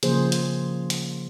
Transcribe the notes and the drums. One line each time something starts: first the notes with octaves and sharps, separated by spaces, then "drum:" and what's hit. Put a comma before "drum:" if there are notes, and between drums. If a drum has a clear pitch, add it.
C#3 F3 A#3 G#4 C5, drum: hi-hat
drum: hi-hat
drum: hi-hat